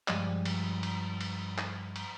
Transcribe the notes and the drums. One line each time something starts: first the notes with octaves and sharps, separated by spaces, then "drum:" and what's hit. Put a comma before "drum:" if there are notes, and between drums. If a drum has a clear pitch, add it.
G2 F3 G#3 D5 D#5, drum: clap
drum: cymbal
drum: cymbal
drum: cymbal
drum: clap
drum: cymbal